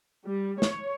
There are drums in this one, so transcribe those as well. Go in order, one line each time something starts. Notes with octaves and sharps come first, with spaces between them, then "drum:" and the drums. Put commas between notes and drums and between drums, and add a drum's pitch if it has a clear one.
G3
C#5, drum: snare